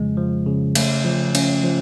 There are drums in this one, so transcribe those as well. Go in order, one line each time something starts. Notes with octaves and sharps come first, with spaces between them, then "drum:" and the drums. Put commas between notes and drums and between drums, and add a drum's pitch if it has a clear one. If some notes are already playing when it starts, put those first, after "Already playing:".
Already playing: F2 C#3 F3 G#3
F3
C#3
A3, drum: cymbal
F3
C#4, drum: cymbal
F3